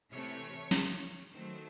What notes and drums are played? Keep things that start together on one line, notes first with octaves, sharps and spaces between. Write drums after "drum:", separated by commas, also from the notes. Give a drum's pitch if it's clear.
C3 E3 A3 C#5
drum: snare
D#3 F#3 A3 C5